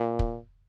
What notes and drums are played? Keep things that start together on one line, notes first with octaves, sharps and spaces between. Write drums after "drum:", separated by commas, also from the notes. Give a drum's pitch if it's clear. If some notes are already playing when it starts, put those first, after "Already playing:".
Already playing: A#2
drum: kick